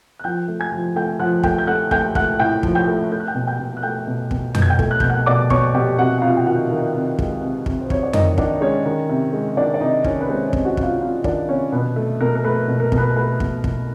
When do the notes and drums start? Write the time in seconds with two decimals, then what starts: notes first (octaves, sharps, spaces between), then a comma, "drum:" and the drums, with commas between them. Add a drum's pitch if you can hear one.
0.19 F#6
0.24 F3 G5 G6
0.48 A3
0.60 G#5 G#6
0.72 F3
0.96 A3 G5 G6
1.19 F3 F#5 F#6
1.43 A3 G5 G6, drum: kick
1.58 G6
1.67 A3 F#5 F#6
1.91 A3 G5 G6, drum: kick
2.15 A3 F#5 F#6, drum: kick
2.39 A2 G5 G6
2.63 F3, drum: kick
2.75 G5 G6
2.87 A3
3.11 A3 G6
3.20 F#6
3.27 G5 G6
3.35 B2
3.47 G5 G6
3.59 B2
3.77 F#6
3.83 A3 G5 G6
4.07 B2
4.31 B2, drum: kick
4.55 B2 G6, drum: tom F2
4.62 G#6
4.70 G5 G6
4.79 A3, drum: kick
4.91 F#6
5.00 B2 G6, drum: kick
5.10 F#5 F#6
5.26 B2 D5 D6
5.50 B2 C#5 C#6, drum: kick
5.74 B2 G4 G5
5.98 C3 F#4 F#5
6.18 F#5
6.22 C3 F4 F5
6.37 G5
6.46 D#3 F#4 F#5
6.71 D#3
6.94 C3
7.19 G#3, drum: kick
7.42 C3
7.66 C3, drum: kick
7.81 C5
7.90 C3 C#5, drum: kick
8.03 D5
8.13 D#3 D#4 D#5, drum: tom F2
8.38 D#3 D4 D5, drum: kick
8.61 G#3 C#4 C#5
8.85 D#3
9.09 C3
9.33 G#3
9.57 D#3 D4 D5
9.74 D5
9.81 C3 D#4 D#5
10.04 D#3 C#4 C#5, drum: kick
10.21 B4
10.29 G#3 C4 C5
10.47 C#4 C#5
10.53 C3, drum: kick
10.64 F#4 F#5
10.77 C3, drum: kick
10.83 F4 F5
11.01 C3 F4 F5
11.24 D#3 D4 D5, drum: kick
11.48 C3 C#4 C#5
11.72 B2 B4
11.96 A3
12.21 B2 A#4
12.35 A#4
12.44 A3 B4
12.68 B2
12.80 A#4
12.92 B2, drum: kick
12.98 B4
13.16 A3 B4
13.40 B2, drum: kick
13.64 B2, drum: kick